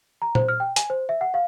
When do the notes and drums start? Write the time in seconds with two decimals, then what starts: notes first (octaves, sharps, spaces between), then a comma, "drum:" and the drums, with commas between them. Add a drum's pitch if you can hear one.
0.22 A#5
0.35 C5, drum: tom A#2
0.49 F6
0.60 G5
0.76 G#5, drum: hi-hat
0.90 C5
1.09 E5
1.21 F#5
1.34 F5